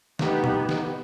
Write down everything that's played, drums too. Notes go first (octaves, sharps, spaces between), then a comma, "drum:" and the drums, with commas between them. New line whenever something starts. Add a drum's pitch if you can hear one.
B3 D#4 G4, drum: snare
drum: tom A#2
drum: snare